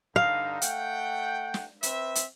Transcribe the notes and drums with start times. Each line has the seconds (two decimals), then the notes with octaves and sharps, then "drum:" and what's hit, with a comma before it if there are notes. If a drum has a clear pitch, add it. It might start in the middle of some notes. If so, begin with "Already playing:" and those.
0.16 G2 D3 D#4 F5
0.62 A3 F#5 G5, drum: hi-hat
1.54 drum: snare
1.83 C4 B4 E5, drum: hi-hat
2.15 drum: hi-hat